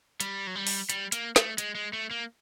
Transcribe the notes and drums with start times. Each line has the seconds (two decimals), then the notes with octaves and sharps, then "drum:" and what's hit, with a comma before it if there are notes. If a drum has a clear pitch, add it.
0.20 G3, drum: hi-hat
0.47 F#3
0.55 G3
0.67 drum: open hi-hat
0.90 G3, drum: hi-hat
1.12 A#3, drum: hi-hat
1.36 A3, drum: snare
1.58 G#3, drum: hi-hat
1.75 G#3
1.93 A3
2.11 A#3